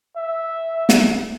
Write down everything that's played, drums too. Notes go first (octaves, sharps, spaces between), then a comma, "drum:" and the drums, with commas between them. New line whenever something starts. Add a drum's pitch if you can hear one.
E5
drum: snare